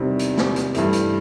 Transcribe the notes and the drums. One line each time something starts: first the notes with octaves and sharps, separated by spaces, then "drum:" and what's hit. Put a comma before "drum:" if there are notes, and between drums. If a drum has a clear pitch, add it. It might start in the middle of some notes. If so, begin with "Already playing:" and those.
Already playing: E2 C3 D#3 G3 C4
drum: hi-hat
drum: snare
drum: hi-hat
G2 E3 A3, drum: hi-hat
drum: hi-hat